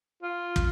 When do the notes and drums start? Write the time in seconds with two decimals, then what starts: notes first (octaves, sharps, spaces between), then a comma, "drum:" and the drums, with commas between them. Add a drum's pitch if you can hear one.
0.23 F4
0.56 drum: kick